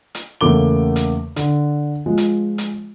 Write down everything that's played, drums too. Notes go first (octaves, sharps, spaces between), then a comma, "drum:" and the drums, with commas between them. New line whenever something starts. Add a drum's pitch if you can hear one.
drum: hi-hat
E2 C#3 A3 A#3 D6 G7
drum: hi-hat
D3, drum: hi-hat
F3 G#3
drum: hi-hat
drum: hi-hat